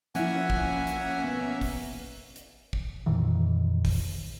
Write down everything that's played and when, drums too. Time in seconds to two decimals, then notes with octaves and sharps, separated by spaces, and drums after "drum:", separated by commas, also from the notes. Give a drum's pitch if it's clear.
0.15 F3 A#3 C#4 E4 E5 F#5 G#5, drum: hi-hat
0.50 drum: kick
0.87 drum: hi-hat
1.24 B3
1.61 drum: kick, open hi-hat
2.36 drum: hi-hat
2.73 drum: kick
3.06 F2 A#2 D#3 E3
3.85 drum: kick, open hi-hat